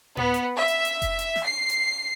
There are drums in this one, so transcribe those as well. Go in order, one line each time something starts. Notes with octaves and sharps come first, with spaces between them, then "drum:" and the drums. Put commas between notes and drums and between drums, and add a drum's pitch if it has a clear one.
B3, drum: tom A2
drum: hi-hat
E5
drum: hi-hat
drum: hi-hat
drum: kick F1, hi-hat
drum: hi-hat
drum: snare
C7
drum: hi-hat